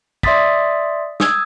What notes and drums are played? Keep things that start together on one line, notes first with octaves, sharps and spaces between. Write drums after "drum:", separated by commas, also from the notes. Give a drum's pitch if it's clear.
D5 E5 C6 D#6 A6 B6, drum: kick
D#6 E6 G#6, drum: snare